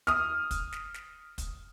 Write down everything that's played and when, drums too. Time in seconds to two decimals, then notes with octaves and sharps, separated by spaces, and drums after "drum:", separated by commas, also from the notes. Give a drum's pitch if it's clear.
0.07 D#6 F6, drum: snare
0.51 drum: kick, hi-hat
0.72 drum: snare
0.94 drum: snare
1.38 drum: kick, hi-hat